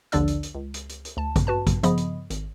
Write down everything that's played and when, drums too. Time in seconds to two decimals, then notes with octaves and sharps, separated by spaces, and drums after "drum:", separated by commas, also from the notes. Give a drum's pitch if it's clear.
0.12 A#1 D#2 D3 D4 D5 E6, drum: hi-hat
0.28 drum: hi-hat
0.43 drum: hi-hat
0.55 C#2
0.74 drum: hi-hat
0.89 drum: hi-hat
1.05 drum: hi-hat
1.17 D2 A5
1.36 drum: kick A1, hi-hat
1.47 F#4 B4 A5
1.67 drum: kick A1, hi-hat
1.83 C#3 F3 B3 D#5 B5 D#6, drum: hi-hat
1.98 drum: hi-hat
2.30 G#1, drum: hi-hat